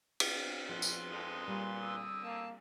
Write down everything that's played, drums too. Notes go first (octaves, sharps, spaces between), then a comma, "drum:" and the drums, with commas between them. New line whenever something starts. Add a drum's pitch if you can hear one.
drum: cymbal
A#1 F3 B4 C6
drum: tambourine
F2 G#3 D#4
A#2 G3
D3 D#6 E6
A#3 A5